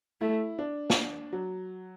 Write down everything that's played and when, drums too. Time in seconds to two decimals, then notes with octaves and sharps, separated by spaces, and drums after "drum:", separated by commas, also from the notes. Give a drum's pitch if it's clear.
0.21 A3 E4
0.59 D4
0.90 drum: snare
1.33 F#3